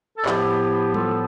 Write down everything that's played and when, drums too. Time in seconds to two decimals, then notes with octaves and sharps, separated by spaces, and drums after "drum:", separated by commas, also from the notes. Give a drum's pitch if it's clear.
0.17 A4
0.26 A2 F3 B3 E4 G4, drum: clap
0.94 F4 A4, drum: tom F#3